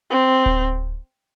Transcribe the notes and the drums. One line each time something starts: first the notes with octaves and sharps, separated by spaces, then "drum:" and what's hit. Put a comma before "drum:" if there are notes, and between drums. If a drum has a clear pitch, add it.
C4
drum: kick D1